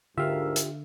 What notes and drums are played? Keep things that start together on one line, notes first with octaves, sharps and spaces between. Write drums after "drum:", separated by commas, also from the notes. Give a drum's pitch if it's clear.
D2 G#2 D3 F4 G4 A#4 E5 F5
drum: hi-hat